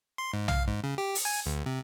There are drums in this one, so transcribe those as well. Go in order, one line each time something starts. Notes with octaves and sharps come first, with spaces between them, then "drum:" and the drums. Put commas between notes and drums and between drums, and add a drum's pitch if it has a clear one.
C6
G#2
F5, drum: tom B1
G#2
C#3
G4
drum: open hi-hat
G#5
D2
C3